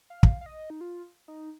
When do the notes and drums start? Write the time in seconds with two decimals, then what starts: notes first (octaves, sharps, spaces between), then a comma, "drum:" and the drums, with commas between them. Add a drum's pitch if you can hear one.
0.10 F5
0.23 drum: kick
0.41 F5
0.46 D#5
0.70 D#4
0.81 F4
1.28 D#4